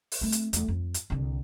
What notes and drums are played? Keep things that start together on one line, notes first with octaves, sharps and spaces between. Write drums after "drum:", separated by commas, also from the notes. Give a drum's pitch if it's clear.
drum: open hi-hat
A3 C4
drum: hi-hat
E2 A3, drum: hi-hat
F2
drum: hi-hat
C2 D3